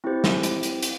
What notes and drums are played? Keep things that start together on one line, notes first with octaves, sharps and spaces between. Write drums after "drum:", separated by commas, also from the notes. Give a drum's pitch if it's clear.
C4 E4 G4 C5
drum: snare
drum: hi-hat
drum: hi-hat
drum: hi-hat